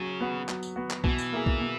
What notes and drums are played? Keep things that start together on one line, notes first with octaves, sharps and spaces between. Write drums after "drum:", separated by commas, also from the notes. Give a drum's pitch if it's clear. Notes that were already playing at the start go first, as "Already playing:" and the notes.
Already playing: C#3 F#3
B3 F#4
F#3, drum: clap
drum: tambourine
B3 F#4
drum: clap
B2 E3, drum: kick B1
drum: tambourine
A#3 E4 G#4
drum: kick B1
B2